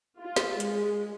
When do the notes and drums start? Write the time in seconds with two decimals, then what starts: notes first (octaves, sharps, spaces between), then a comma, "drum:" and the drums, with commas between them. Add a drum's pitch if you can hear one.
0.19 F4
0.36 drum: snare
0.60 G#3, drum: hi-hat